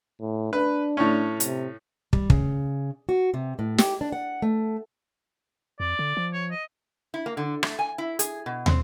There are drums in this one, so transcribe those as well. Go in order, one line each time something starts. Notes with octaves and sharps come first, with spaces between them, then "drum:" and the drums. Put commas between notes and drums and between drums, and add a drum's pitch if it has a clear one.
A2
D4 B4
A2 C#4
C3, drum: hi-hat
G3, drum: kick
C#3, drum: kick
F#4
C3
A2
G4, drum: snare
D4
F#5
A3
F2 D5
D3
F3
C#5
D#5
E4
A#3
D3
A3, drum: rim click
G#5
E4
G#4, drum: hi-hat
B2
C4, drum: tom